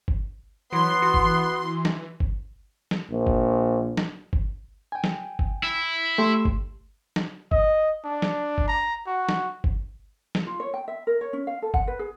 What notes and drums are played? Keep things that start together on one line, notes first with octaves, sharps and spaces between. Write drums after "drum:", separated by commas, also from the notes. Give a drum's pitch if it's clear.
drum: kick G1
E3 F#3 B3 C6
F#4
drum: kick G1
drum: snare
drum: kick G1
drum: snare
A#1
drum: kick G1
drum: snare
drum: kick G1
G5 G#5
drum: snare
drum: kick G1
E4
A3 G4 C6
drum: kick G1
drum: snare
D#5, drum: kick G1
D4
drum: snare
drum: kick G1
A#5
F#4
drum: snare
drum: kick G1
drum: snare
F4
C#5
G5
E5
A#4
C#5
C#4
F5
A4
F#5, drum: kick G1
B4
G#4